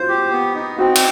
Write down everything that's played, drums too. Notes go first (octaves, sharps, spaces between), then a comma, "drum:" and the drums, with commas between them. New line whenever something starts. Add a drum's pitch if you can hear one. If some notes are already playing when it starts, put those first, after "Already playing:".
Already playing: F4 F#4 C5
G4
B3
D#4
C4 F#4
drum: cymbal